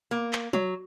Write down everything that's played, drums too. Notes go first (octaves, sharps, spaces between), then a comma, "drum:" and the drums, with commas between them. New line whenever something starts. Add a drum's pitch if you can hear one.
A#3
drum: clap
F#3, drum: tom F#3